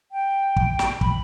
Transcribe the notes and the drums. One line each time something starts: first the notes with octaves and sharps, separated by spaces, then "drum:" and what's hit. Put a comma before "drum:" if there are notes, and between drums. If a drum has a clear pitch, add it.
G5
drum: kick
drum: snare
B5, drum: kick